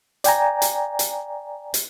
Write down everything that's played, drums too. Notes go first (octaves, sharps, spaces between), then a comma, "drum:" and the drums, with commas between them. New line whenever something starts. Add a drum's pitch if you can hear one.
D5 G5 G#5 A#5, drum: hi-hat
drum: hi-hat
drum: hi-hat
drum: hi-hat